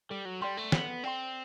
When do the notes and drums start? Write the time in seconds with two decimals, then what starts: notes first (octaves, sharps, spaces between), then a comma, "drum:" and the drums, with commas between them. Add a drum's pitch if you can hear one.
0.10 G3 A4
0.25 F#3
0.41 G3 D5 G5 C6
0.57 A3
0.72 B3 A4, drum: snare
1.03 C4 D5 G5 C6